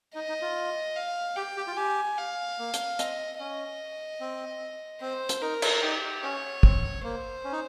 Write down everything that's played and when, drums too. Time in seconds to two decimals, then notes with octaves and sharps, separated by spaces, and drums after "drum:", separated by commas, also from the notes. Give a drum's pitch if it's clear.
0.15 D#4 D#5
0.29 D#4
0.42 F4
0.96 F5
1.36 G4 G5
1.57 G4
1.67 F4
1.77 G4 G#5
2.18 F5
2.59 A#3
2.74 drum: hi-hat
2.99 C4 D#5, drum: hi-hat
3.39 C#4 D#5
4.20 C4
5.01 C4 C5
5.29 drum: hi-hat
5.42 D#4 A#4
5.62 drum: cymbal
5.83 D#4 G4
6.23 C#4 C#5
6.63 C4, drum: kick
7.04 A#3 C5
7.45 C#4
7.52 D#4